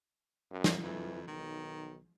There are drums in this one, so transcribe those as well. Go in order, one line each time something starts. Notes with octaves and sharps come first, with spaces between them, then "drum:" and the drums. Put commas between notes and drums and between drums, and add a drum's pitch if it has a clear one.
F#2
drum: snare
F2 E3
B1 D#3